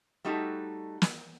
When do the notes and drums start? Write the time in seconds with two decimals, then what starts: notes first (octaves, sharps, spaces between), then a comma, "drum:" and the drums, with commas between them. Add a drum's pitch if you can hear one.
0.25 G3 A3 D#4 F#4 A4
1.02 drum: snare